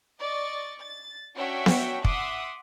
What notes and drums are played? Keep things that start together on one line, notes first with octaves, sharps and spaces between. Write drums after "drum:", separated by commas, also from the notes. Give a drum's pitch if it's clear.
D5 D#5 C#6 A6
A6
C#4 D4 F#4 C#5 E5 G5
drum: snare B3
E5 F#5 C6 D6 D#6, drum: kick